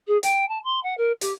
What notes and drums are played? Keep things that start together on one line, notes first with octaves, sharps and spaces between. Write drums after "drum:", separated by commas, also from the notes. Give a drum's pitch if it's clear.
G#4
G5, drum: hi-hat
A5
C6
F#5
A#4
G4, drum: hi-hat